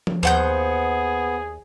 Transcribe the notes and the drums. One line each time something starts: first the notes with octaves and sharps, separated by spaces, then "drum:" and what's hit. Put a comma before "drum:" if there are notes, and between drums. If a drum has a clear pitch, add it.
drum: tom F3
D#2 B3 G#4 C5 F#5 G6